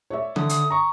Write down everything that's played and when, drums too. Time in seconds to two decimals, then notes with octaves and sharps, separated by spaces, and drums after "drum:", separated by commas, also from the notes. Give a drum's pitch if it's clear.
0.10 C#5 D5 E5
0.36 D3 D#6, drum: tom D#3
0.49 drum: hi-hat
0.71 A#5 C#6